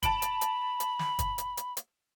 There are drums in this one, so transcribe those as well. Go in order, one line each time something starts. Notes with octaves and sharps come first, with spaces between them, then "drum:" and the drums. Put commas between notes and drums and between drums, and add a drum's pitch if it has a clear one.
A5 B5 D7 F#7, drum: kick, hi-hat
drum: hi-hat
drum: hi-hat
drum: hi-hat
drum: snare
drum: kick, hi-hat
drum: hi-hat
drum: hi-hat
drum: hi-hat